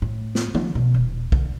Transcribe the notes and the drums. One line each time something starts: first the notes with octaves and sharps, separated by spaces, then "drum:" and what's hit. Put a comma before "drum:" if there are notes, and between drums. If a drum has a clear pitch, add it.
A2
drum: snare
F3, drum: tom D3
B2
D#1
D3, drum: kick